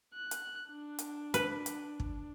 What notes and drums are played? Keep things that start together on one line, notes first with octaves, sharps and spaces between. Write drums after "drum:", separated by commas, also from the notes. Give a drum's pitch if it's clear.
F#6
drum: hi-hat
D4
drum: hi-hat
B4, drum: hi-hat
drum: hi-hat
drum: kick